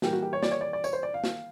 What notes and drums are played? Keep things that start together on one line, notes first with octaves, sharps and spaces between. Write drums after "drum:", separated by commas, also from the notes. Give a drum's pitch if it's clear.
E3 G3 A#3 G4, drum: snare
F#4
G4
C#5
D5, drum: snare
C#5
D5
D5
C#5, drum: tambourine
C5
D5
F5
drum: snare